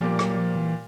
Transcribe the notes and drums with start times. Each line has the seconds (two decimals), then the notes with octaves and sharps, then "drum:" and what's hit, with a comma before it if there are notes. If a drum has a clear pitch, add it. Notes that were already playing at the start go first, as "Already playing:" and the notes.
0.01 A#2 F3 G3 A#3
0.19 F#3, drum: rim click
0.37 F3
0.55 E3